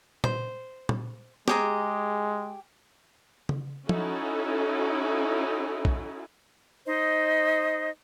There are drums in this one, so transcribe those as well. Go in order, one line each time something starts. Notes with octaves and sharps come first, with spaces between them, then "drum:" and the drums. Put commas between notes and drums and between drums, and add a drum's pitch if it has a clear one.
C5, drum: tom A#2
drum: tom A#2
G#3 G4 G#4 A#5, drum: snare
drum: tom C#3
C#4 D#4 E4 F#4 A4 G#5, drum: tom
drum: kick B1
D#4 C5 D#5